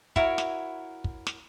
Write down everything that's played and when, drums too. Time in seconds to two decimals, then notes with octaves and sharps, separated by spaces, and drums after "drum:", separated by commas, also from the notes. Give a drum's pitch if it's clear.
0.16 E4 F#4 A#4 C#5, drum: kick
0.38 drum: snare
1.04 drum: kick
1.27 drum: snare